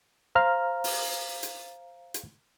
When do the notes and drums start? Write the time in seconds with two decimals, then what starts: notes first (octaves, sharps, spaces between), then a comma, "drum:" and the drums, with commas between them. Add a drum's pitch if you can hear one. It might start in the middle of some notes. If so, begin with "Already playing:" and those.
0.35 C5 F5 A#5 F6
0.84 drum: open hi-hat
1.43 drum: hi-hat
2.14 drum: hi-hat